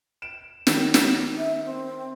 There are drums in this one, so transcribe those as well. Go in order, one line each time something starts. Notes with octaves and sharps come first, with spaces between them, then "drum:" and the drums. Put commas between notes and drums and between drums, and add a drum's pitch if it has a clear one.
D7 E7
D#3, drum: snare
drum: snare
E5
C4